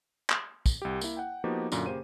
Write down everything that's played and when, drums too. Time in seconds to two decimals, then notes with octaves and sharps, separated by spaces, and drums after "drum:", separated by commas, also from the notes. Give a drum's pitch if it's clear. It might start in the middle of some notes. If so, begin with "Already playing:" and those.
0.30 drum: clap
0.66 drum: kick, tambourine
0.82 C2 G4
1.01 A#3 E4, drum: tambourine
1.17 F#5 G5
1.44 F3 A#3 B3 D#4 F#4 G4
1.72 F#2 A#2 D3, drum: tambourine
1.86 C#3 A#3 G4 C5 D#7